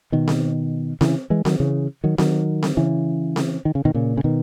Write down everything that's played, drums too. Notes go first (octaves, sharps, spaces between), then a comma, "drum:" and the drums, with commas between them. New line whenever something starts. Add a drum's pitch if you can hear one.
B2 D#3
drum: snare C4
C#3 E3, drum: snare C4
E3 G#3
D#3 F#3, drum: snare C4
C#3 E3
D#3 F#3
D#3 F#3, drum: snare C4
drum: snare C4
C#3 E3
drum: snare C4
D#3
C#3
B2 D#3
A#2 C#3
C#3
B2 D#3